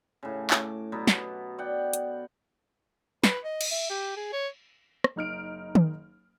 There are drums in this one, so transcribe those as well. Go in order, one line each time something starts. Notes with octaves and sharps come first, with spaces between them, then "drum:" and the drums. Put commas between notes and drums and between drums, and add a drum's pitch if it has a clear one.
A2 C#3
D6, drum: clap
B2 F#3 B3
drum: snare
D5 F#5 G5
drum: hi-hat
B4, drum: snare
D#5
drum: cymbal
E5
G4
G#4
C#5
drum: rim click
F#1 D#4 F6 D7
drum: tom D#3